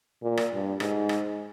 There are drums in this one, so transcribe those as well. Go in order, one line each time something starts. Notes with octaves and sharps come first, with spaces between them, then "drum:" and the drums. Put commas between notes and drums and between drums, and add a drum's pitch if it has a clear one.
A#2
drum: rim click
G2
G#2, drum: rim click
drum: rim click